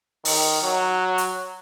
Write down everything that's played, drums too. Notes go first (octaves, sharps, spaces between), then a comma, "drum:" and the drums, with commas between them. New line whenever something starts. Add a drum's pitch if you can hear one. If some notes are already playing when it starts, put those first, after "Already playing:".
D#3, drum: open hi-hat
F#3
drum: hi-hat